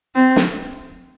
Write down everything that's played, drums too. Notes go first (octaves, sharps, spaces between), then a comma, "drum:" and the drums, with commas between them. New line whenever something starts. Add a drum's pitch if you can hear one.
C4
drum: snare